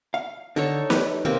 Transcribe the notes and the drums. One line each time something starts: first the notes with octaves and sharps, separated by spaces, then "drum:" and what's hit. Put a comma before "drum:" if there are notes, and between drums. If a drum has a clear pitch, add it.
F5
D3 D#4 A4 C#5
G4 B4, drum: snare
C3 A#3 C4